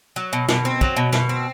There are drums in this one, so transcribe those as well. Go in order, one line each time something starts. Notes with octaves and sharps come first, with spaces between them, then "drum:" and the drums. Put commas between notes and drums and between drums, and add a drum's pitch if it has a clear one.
F#3
B2
B2, drum: snare
C4
F#3, drum: kick
B2
B2, drum: snare
C4